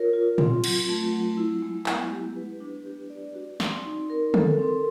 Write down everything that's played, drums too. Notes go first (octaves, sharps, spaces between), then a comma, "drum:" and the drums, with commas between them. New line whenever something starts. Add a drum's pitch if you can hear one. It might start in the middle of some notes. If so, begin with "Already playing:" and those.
Already playing: F4 A#4 C#5
F4
C4, drum: tom
F#3, drum: cymbal
A3
F#3
E4
G#3
B3, drum: clap
G4
B4
D4
G4
D5
F#4
C4, drum: snare
D#4
A#4
A4, drum: tom
C4